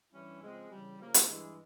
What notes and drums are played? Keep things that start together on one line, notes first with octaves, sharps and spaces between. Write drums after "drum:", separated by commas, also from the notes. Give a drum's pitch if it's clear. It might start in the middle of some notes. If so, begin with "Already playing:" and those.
G2 E3 G3 C#4 E4
C#3 F3 G#3 C4
C#3 E3 G3
C#3 F3 A#3
drum: hi-hat
G2 E3 G#3